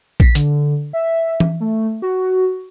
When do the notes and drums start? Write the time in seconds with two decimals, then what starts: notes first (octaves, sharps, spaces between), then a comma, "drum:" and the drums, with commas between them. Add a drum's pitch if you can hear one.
0.20 B6, drum: kick A#1
0.35 D3, drum: hi-hat
0.93 E5
1.40 drum: tom E3
1.60 A3
2.02 F#4